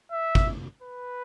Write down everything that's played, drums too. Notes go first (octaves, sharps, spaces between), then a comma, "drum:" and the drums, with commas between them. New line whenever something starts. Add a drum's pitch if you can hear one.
E5
drum: kick
B4